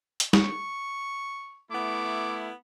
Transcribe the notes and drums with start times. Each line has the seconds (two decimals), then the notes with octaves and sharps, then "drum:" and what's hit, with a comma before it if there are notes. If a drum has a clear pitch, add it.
0.20 drum: hi-hat
0.33 C#6, drum: snare
1.71 A3 B3 E4 D6